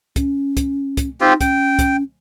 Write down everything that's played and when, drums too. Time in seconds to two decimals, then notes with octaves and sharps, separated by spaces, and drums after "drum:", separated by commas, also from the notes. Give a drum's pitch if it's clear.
0.16 C#4, drum: kick, hi-hat
0.57 drum: kick, hi-hat
0.97 drum: kick, hi-hat
1.21 C4 D#4 F4 G4
1.41 C#4 G5, drum: kick, hi-hat
1.79 drum: kick, hi-hat